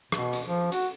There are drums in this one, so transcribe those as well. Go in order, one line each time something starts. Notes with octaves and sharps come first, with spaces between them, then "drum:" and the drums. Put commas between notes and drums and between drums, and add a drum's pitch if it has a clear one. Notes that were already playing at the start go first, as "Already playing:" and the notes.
B2, drum: rim click
drum: hi-hat
F3
F#4, drum: hi-hat